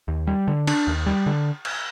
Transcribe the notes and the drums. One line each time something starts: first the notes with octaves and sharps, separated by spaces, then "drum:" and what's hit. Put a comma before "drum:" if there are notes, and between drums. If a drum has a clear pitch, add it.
D#2
G3
D3
D4, drum: cymbal
D#2
G3
D3
drum: cymbal